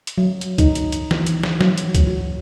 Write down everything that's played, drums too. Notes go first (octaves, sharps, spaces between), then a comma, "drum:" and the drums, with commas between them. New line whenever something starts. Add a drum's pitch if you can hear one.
drum: hi-hat
F#3
drum: hi-hat
D#4, drum: kick C#2, hi-hat
drum: hi-hat
drum: hi-hat
E3, drum: snare
drum: hi-hat
drum: snare
F#3, drum: snare
drum: hi-hat
drum: kick C#2, hi-hat
F#4